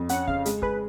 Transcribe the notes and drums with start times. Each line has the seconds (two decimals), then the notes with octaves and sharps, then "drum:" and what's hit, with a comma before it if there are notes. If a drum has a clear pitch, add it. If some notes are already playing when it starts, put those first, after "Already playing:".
Already playing: F2
0.09 C#4 F#5, drum: hi-hat
0.28 C#3 F5, drum: kick
0.45 G#3, drum: hi-hat
0.62 G#4 B4, drum: kick